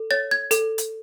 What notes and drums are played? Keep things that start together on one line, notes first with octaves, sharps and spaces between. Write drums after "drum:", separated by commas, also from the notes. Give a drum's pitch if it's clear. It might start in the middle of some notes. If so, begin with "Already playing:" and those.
Already playing: A4
C#5 A6
G#6
A4, drum: hi-hat
drum: hi-hat